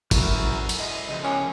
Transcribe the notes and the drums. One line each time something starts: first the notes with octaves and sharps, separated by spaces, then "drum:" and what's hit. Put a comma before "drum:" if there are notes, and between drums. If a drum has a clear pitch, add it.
F#2 E4 F#4 A#4, drum: kick G#1, cymbal
drum: cymbal
G#3 E4 D#5
C#3 F3
C#4 G4 A#4 D#6